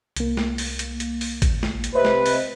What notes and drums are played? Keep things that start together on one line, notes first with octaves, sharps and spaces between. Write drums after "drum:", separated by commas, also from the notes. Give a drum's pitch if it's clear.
C2 A#3, drum: hi-hat
drum: snare
drum: open hi-hat
drum: hi-hat
drum: hi-hat
drum: open hi-hat
drum: kick A1, hi-hat
drum: snare
drum: hi-hat
C3 B4 C5 D#5 E5
drum: snare
drum: open hi-hat